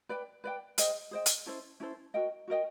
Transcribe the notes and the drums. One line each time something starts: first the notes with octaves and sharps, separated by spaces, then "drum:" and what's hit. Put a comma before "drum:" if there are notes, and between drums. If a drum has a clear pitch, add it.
B4 D5 G5
B4 D5 G5
G#4 C5 D#5 G5, drum: hi-hat
G#4 C5 D#5 G5
drum: hi-hat
C#4 E4 A4 C5
C#4 E4 A4 C5
F#4 A#4 D#5 G5
F#4 A#4 D#5 G5